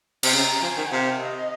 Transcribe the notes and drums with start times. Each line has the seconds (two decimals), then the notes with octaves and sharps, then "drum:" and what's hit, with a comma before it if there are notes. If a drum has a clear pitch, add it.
0.23 C3, drum: cymbal
0.33 C#3 A#5
0.62 F3 G#5
0.77 D#3
0.91 C3 F5
1.21 D#5